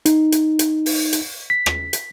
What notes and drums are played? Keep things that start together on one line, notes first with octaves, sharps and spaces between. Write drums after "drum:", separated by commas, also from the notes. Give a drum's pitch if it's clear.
D#4, drum: hi-hat
drum: hi-hat
drum: hi-hat
drum: open hi-hat
drum: hi-hat
B6
drum: rim click
drum: hi-hat